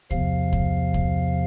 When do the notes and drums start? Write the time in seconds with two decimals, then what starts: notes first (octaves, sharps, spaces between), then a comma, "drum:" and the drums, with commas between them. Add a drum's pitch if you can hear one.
0.11 E2 C3 F3 F5, drum: kick
0.53 drum: kick
0.94 drum: kick